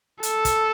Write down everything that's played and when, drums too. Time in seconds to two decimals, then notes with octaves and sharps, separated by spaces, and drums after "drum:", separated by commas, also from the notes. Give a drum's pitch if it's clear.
0.23 A4, drum: hi-hat
0.45 drum: kick, hi-hat